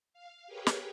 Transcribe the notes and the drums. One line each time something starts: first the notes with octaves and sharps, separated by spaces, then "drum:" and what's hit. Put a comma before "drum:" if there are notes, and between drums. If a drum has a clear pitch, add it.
F5
G4 G#4 A#4 B4 C#5 G5
drum: snare